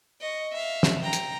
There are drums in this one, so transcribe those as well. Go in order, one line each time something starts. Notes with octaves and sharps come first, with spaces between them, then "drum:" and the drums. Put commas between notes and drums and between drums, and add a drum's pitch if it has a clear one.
D#5 C#6
E5 F5
drum: snare
G5 A#5
drum: hi-hat